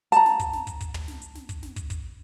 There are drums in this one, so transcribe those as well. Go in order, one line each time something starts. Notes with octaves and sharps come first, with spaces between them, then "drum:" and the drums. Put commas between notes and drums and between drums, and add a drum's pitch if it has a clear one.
A5 A#5, drum: hi-hat
drum: snare
drum: kick, hi-hat
drum: snare
drum: kick, hi-hat
drum: kick, hi-hat
drum: tom
drum: snare
drum: hi-hat
drum: snare
drum: kick, hi-hat
drum: snare
drum: kick, hi-hat
drum: kick, hi-hat